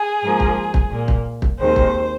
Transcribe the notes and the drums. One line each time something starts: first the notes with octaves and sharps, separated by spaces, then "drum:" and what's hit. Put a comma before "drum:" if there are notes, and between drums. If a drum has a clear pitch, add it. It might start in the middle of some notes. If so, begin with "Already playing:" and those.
Already playing: G#4
G#2 F3 A#3
drum: kick
drum: kick
A#2 A#3
drum: kick
drum: kick
D#2 D#3 G#3 C4 C5
drum: kick